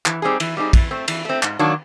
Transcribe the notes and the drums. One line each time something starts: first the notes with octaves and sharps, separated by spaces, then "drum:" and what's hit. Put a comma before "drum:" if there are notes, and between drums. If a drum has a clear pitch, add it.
E3, drum: clap
G3 C4 D#4 G#4
E3, drum: cymbal
G3 C4 D#4 G#4
E3, drum: kick, cymbal
A3 C4
E3, drum: cymbal
A3 C4
G#2, drum: clap
D#3 F#3 A#3 D4